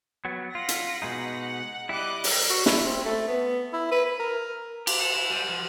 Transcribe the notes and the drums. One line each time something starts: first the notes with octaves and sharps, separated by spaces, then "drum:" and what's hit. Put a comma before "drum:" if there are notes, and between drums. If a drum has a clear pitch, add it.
F#3 B3
F4 F#5 A#6 B6
drum: hi-hat
B2 G#3 D#4
F#5
G3 E4 D#5 D6 F#6
drum: open hi-hat
F#4
E4, drum: snare
C4
A3
B3
E4
B4
B4
A#4
G4, drum: cymbal
A4
E4
G3
F3